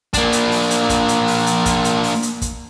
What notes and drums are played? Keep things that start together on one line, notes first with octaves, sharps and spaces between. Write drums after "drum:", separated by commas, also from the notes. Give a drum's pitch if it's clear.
A#3 D4, drum: kick, hi-hat
drum: hi-hat
drum: open hi-hat
drum: hi-hat
drum: kick, hi-hat
drum: hi-hat
drum: open hi-hat
drum: hi-hat
drum: kick, hi-hat
drum: hi-hat
drum: open hi-hat
drum: hi-hat
drum: kick, hi-hat